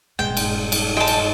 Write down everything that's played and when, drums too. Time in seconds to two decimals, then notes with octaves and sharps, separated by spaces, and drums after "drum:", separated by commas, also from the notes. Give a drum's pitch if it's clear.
0.19 D#1 G2 G#3 G5
0.37 drum: cymbal
0.72 drum: cymbal
0.97 G#3 G5 A5
1.07 drum: cymbal